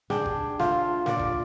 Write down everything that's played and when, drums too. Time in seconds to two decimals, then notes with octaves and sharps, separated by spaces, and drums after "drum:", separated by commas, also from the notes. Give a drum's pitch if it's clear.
0.10 D4 G#4 G5, drum: snare
0.26 drum: kick F#1
0.59 A3 F4 C5 F5, drum: snare
1.06 A#2 D5, drum: snare
1.19 drum: kick F#1